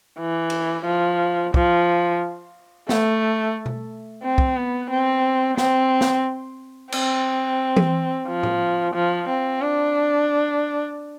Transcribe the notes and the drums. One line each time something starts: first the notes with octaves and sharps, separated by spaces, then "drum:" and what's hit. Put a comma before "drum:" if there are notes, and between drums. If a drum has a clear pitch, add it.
E3
drum: cymbal
F3
F3, drum: kick
A3, drum: snare
drum: tom B2
C4
drum: kick
B3
C4
C4, drum: snare
drum: snare
C4, drum: cymbal
drum: tom
F3
drum: tom A2
F3
C4
D4